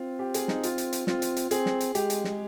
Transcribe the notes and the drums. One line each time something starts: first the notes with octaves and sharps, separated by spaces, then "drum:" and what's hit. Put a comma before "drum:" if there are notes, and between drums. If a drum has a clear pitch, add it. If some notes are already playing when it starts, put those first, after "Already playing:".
Already playing: C4 F4
G4
G#4, drum: hi-hat
D#4, drum: snare
F4, drum: hi-hat
drum: hi-hat
drum: hi-hat
C4 F4, drum: snare
drum: hi-hat
drum: hi-hat
C4 G#4, drum: hi-hat
drum: snare
drum: hi-hat
G#3 G4, drum: hi-hat
drum: hi-hat
drum: snare